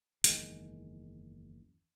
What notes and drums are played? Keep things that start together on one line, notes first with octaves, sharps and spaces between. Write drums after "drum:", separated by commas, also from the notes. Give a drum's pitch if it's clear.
F#1 E2 D#3 G#3, drum: hi-hat